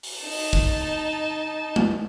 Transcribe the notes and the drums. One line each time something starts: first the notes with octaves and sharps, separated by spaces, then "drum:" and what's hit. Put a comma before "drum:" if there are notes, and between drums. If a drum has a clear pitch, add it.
drum: open hi-hat
D#4 A5
drum: open hi-hat
drum: kick
drum: tom G#3